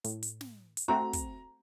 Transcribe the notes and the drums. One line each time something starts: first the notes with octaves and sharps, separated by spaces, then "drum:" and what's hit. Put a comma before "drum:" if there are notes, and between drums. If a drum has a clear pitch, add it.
A2, drum: hi-hat
drum: hi-hat
drum: snare
drum: hi-hat
A3 C4 F#4 A#5
drum: kick, hi-hat